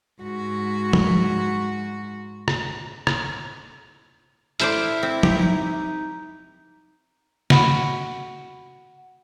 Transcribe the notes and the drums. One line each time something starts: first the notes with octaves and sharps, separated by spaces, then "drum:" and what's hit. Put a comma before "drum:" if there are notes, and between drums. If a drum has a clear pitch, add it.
G#2 F#4
drum: tom
drum: rim click
drum: rim click
E4 A4 C5 D5 F6, drum: hi-hat
C4
D#4 G4, drum: tom
F#4 B5, drum: snare